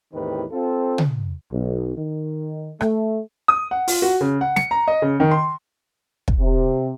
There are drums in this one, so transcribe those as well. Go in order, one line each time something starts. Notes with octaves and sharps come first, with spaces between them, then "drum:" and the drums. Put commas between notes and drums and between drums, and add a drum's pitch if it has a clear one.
E2 A2 D#3 C4 G4 B4
C4 F4 A4
drum: tom
B1
D#3
A3, drum: rim click
D#6
F#5
F4, drum: open hi-hat
F#4
C#3
F#5
C#7, drum: snare
A#5
D#5
C#3
D#3
C6
drum: kick
C3